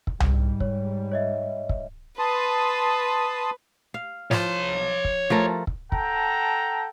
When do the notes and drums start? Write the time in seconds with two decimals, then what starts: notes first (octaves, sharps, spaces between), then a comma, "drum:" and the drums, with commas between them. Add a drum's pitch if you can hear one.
0.07 drum: kick
0.20 G#2 G3, drum: tom C2
0.60 C#5, drum: kick
1.12 C#5 D#5 E5
1.69 drum: kick
2.19 B4 A5 C6 D#6
3.94 F5
4.31 F3 C#5 C6, drum: snare
5.05 drum: kick
5.30 F3 A3 A#4
5.67 drum: kick
5.92 A4 F#5 G5 A5 A#5, drum: kick